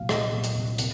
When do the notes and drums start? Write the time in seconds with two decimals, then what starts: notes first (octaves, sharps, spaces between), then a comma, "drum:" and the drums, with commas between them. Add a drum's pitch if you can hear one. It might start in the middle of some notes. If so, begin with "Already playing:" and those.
Already playing: C2 A#2 F#3 F5
0.09 C4 D#5, drum: rim click
0.32 A#2
0.44 drum: hi-hat
0.56 C2
0.78 C3, drum: hi-hat